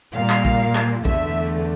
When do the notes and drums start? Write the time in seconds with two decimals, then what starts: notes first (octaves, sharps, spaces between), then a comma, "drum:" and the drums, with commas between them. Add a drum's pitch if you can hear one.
0.14 A#2 G3 A#3 F5
0.30 drum: clap
0.45 drum: kick A#1
0.75 drum: clap
1.05 E2 D3 A3 E5, drum: kick A#1